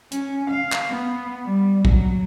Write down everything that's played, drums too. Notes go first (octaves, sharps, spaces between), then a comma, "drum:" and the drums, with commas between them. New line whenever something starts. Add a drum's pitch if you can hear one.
C#4, drum: hi-hat
F5
drum: clap
B3
G3
F#3, drum: kick